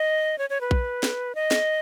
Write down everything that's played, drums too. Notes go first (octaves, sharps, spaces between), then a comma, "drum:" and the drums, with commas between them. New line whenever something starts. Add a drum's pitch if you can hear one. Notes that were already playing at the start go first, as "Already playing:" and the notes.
Already playing: D#5
C#5
C#5
B4
drum: kick A#1
drum: snare
D#5
drum: snare